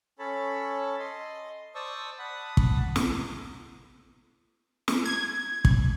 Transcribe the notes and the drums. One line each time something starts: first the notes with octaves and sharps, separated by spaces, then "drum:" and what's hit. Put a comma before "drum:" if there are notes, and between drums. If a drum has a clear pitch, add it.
C#4 A4 C#5 A5 B5
D#5 C6
C5 D5 A5 C#6 D#6 E6
F#5 A5 B5 D#6
drum: kick
drum: snare
drum: snare
G#6
drum: kick